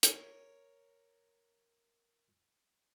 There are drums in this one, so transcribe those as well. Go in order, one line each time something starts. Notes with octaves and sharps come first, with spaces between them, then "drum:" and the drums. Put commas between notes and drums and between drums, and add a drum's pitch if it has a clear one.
A#4 C#5, drum: hi-hat